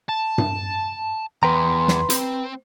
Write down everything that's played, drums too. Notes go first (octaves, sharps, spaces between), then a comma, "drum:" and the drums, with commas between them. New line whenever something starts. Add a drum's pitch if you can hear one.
A5
drum: tom G2
E2 B4 G5 A#5 C6
drum: snare
C4, drum: hi-hat